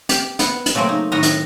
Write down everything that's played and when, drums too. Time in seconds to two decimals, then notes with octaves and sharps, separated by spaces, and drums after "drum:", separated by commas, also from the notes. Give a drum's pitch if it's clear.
0.09 G4, drum: hi-hat
0.39 B3 F#5, drum: hi-hat
0.66 drum: hi-hat
0.75 C#3 F#3 A3 A#3 C4
0.89 D#4
1.12 A2 D#3 F#4 A#4 D#5 A#5
1.23 drum: hi-hat